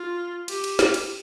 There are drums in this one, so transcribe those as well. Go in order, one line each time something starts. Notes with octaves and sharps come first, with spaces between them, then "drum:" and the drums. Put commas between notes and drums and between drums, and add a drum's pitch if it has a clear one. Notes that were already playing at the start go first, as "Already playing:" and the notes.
Already playing: F4
G4, drum: cymbal
drum: cymbal
drum: snare
drum: cymbal